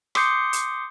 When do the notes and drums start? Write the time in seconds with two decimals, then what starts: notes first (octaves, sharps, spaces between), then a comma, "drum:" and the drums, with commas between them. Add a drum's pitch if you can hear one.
0.15 C6 D6 D#6 G6 C7 C#7, drum: rim click
0.53 drum: hi-hat